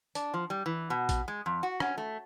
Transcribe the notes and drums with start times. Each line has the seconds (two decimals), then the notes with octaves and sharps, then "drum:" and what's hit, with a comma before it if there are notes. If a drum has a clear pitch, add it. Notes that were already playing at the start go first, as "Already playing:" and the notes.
0.15 D4, drum: hi-hat
0.34 F3
0.50 G3
0.66 E3
0.90 B2
1.09 drum: kick A#1, hi-hat
1.28 G#3
1.46 F2
1.63 F#4
1.80 C#4, drum: rim click
1.98 A3